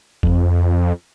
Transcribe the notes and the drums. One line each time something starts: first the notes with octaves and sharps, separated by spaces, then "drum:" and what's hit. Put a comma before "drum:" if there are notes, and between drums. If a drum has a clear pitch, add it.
F2, drum: kick